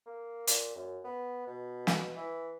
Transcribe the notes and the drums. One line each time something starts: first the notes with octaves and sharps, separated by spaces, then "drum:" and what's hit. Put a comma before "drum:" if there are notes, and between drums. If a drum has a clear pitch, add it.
A#3
A#2, drum: hi-hat
F#2
B3
B2
drum: snare
E3